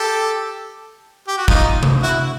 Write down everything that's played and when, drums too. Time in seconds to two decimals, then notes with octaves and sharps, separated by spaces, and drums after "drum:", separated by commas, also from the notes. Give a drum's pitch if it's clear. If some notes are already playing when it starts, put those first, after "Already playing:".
Already playing: G4 A4
1.28 G4
1.38 F#4
1.48 D#4 F4, drum: kick
1.83 drum: tom C3
2.03 E4 F#4